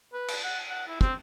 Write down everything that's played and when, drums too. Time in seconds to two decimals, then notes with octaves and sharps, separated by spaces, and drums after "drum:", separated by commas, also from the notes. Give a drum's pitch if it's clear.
0.13 B4
0.28 drum: cymbal
0.44 F#5
0.69 F#5
0.88 E4
1.01 C4, drum: kick